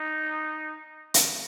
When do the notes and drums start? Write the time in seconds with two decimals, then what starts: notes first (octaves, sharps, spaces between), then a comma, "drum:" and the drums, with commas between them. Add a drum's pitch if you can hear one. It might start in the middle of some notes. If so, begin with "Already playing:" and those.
Already playing: D#4
1.14 drum: hi-hat